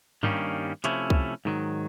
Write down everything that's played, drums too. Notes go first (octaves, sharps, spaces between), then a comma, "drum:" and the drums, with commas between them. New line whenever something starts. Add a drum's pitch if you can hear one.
G2 D#3 G3 A#3 C#4, drum: tom G2
C3 F3 A3 C#4 E4, drum: hi-hat
drum: kick C2
G#2 D#3 F#3